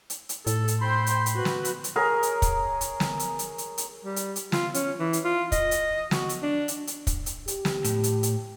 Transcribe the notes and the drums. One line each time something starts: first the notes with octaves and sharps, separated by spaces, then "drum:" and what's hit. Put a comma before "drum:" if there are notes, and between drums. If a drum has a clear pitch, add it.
drum: hi-hat
drum: hi-hat
A2 A4, drum: hi-hat
drum: hi-hat
C5 G5 B5 C6
drum: hi-hat
drum: hi-hat
F#4 B4
drum: snare
drum: hi-hat
drum: hi-hat
G#4 A#4 C#5
drum: hi-hat
drum: kick, hi-hat
drum: hi-hat
drum: snare
drum: hi-hat
drum: hi-hat
drum: hi-hat
drum: hi-hat
G3
drum: hi-hat
drum: hi-hat
F4, drum: snare
C#4, drum: hi-hat
E3
drum: hi-hat
F4
D#5, drum: kick, hi-hat
drum: hi-hat
F#4, drum: snare
drum: hi-hat
D4
drum: hi-hat
drum: hi-hat
drum: kick, hi-hat
drum: hi-hat
G4, drum: hi-hat
drum: snare
A2, drum: hi-hat
drum: hi-hat
drum: hi-hat